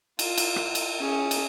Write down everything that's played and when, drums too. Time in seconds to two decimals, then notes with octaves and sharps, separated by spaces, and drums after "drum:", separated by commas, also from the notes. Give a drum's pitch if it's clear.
0.19 F4, drum: cymbal
0.38 drum: cymbal
0.56 drum: rim click
0.75 drum: cymbal
0.99 C#4 G#4
1.31 drum: cymbal